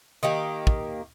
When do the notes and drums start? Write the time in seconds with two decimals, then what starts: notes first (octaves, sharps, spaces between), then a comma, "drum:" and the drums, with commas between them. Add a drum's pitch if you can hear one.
0.23 D#3 A#3 G4
0.67 drum: kick